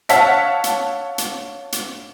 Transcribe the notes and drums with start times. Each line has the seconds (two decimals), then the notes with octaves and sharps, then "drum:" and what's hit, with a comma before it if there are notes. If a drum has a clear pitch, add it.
0.09 C#5 F5 F#5 A5 E6 B6, drum: hi-hat
0.64 drum: hi-hat
1.18 drum: hi-hat
1.72 drum: hi-hat